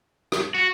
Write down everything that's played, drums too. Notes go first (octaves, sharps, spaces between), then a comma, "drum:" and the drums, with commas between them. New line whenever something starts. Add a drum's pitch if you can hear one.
drum: rim click
F#4